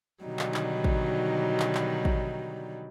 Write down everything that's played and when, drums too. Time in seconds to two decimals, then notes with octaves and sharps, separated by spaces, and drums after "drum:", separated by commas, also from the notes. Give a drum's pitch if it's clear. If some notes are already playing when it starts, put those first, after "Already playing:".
0.24 B2 D3 D#3 F#3 G3 D#4
0.39 drum: clap
0.54 drum: clap
0.84 drum: kick A1
1.60 drum: clap
1.75 drum: clap
2.05 drum: kick A1